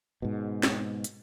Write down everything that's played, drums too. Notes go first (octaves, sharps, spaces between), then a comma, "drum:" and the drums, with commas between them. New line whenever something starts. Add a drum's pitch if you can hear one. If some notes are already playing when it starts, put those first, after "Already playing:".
G#2 B2
drum: snare
drum: hi-hat